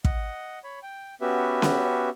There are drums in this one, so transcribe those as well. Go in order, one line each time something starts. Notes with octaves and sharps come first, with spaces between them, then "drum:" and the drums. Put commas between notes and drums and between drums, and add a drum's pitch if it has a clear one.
D#5 F#5, drum: kick
C#5 B5
G5
B3 C#4 F#4 G4 B4 E5
drum: snare C#4